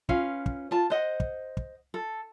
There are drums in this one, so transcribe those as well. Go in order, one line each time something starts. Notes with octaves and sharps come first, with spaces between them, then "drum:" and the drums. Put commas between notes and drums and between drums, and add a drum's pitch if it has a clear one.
C#4 F4 B4 F5, drum: kick
drum: kick
F4 A5
C5 D#5 F#5
drum: kick
drum: kick
A4